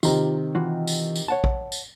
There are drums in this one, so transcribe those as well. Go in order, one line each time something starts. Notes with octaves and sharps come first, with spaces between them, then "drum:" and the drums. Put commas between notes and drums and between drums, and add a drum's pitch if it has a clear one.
C3 D#3 F4 A#5, drum: tambourine
E3 F4 F#4
drum: tambourine
drum: tambourine
C#5 F#5 A5
drum: kick
drum: tambourine